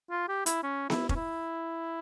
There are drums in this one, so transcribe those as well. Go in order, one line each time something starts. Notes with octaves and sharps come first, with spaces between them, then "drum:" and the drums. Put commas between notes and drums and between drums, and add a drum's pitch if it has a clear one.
F4
G4
E4, drum: hi-hat
C#4
E4, drum: snare B3
C#4, drum: kick F1
E4